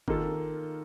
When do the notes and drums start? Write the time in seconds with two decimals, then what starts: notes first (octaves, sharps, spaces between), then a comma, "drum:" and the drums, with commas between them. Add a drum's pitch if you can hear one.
0.08 D#3 A#3 F4 A4, drum: kick G1